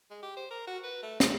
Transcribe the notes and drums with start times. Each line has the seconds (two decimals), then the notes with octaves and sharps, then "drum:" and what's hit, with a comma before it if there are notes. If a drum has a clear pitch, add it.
0.10 G#3
0.23 G4
0.36 C5
0.50 A#4
0.67 F#4
0.83 B4
1.03 A3
1.20 F3, drum: snare